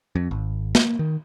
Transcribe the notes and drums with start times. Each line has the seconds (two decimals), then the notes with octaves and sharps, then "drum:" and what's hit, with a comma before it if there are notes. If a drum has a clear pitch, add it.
0.15 F2
0.31 G#1
0.75 A#3, drum: snare
0.99 D#3